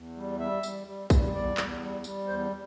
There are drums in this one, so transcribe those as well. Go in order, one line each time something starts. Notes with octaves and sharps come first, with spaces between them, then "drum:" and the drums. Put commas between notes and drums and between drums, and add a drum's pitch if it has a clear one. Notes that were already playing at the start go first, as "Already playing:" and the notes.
Already playing: E2
G3
G3 E5
G3, drum: tambourine
G3
G3, drum: kick B1, tambourine
E2 D5
E2, drum: clap
G3
G3, drum: tambourine
E2 C5